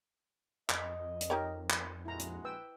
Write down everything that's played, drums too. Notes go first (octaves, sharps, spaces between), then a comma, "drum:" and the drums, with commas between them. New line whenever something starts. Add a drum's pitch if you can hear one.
F2 D#5, drum: clap
drum: hi-hat
D#4 G4 A#4 C#5
drum: clap
A#1 G#3 E4 F#4 A#5
drum: hi-hat
B4 G5 E6